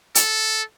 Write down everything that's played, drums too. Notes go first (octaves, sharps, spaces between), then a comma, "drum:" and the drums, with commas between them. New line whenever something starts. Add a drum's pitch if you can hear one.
A4, drum: hi-hat